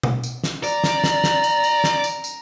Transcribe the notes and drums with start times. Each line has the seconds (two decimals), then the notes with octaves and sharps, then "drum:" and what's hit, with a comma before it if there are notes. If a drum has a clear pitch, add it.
0.03 drum: tom B2
0.23 drum: tambourine
0.44 drum: snare
0.64 D5 A#5, drum: tambourine
0.84 drum: snare
1.04 drum: snare
1.24 drum: snare
1.44 drum: tambourine
1.64 drum: tambourine
1.84 drum: snare
2.04 drum: tambourine
2.24 drum: tambourine